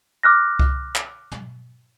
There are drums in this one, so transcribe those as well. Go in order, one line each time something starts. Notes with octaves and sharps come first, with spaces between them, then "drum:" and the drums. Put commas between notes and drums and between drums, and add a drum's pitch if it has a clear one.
D6 F6 F#6 A#6
drum: kick C2
drum: clap
drum: tom